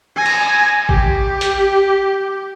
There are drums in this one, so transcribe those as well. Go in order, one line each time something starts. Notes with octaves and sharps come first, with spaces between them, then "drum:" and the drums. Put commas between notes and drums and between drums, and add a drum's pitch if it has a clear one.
G#5 A#6
drum: cymbal
G4, drum: kick G#1
drum: hi-hat